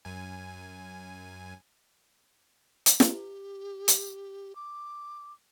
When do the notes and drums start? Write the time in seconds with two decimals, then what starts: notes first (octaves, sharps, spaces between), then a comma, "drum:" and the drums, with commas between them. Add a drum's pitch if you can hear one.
0.05 F#2 G#5
2.86 drum: hi-hat
3.00 drum: snare
3.10 G4
3.88 drum: hi-hat
4.56 D6